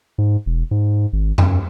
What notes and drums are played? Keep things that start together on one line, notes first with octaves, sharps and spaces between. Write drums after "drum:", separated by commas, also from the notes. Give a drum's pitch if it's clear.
G#2
E1
G#2
G#1
F#2, drum: tom E2